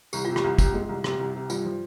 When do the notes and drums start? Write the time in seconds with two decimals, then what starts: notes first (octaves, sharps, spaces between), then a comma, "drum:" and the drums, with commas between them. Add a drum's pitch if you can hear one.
0.13 C2 G4, drum: tambourine
0.25 F4
0.28 C3
0.36 G4, drum: rim click
0.44 C2
0.59 C3, drum: kick, tambourine
0.74 G#3
0.89 C2
1.04 C3, drum: rim click
1.19 C2
1.34 C3
1.50 G2 F4, drum: tambourine
1.65 F3